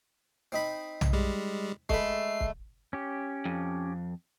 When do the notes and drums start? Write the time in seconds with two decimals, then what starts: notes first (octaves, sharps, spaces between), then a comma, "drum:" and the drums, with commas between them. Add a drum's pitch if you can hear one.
0.52 C4 D#4 B5
1.01 drum: tom
1.13 G3 G#3
1.89 G#3 A3 B4 C7, drum: kick
2.40 drum: kick
2.93 C#4 G4
3.45 F2